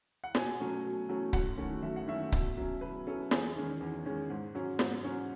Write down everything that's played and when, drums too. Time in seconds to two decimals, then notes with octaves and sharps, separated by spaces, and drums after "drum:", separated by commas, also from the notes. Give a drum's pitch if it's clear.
0.24 F#5
0.35 B2 G#5, drum: snare
0.60 F#3 A3 C#4
0.84 B2
1.09 F#3 A3 C#4
1.33 F#2 F#5, drum: kick C#1
1.58 D#3 A3 C#4
1.83 F#2 E5
1.96 F#5
2.07 D#3 A3 C#4 E5
2.32 B2, drum: kick C#1
2.57 F#3 C#4
2.81 B2 B4
3.06 F#3 C#4 A4
3.31 E2 G#4, drum: snare
3.56 D#3 G#3 C#4
3.81 E2
4.05 D#3 G#3 C#4
4.30 G#2
4.55 F#3 C#4
4.79 G#2, drum: snare
5.04 F#3 C#4